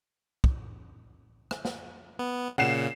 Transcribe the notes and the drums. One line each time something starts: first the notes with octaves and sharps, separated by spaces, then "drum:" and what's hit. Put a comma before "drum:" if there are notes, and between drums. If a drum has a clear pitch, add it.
drum: kick
drum: rim click
drum: snare
B3
A#2 C#3 F#5 C7 E7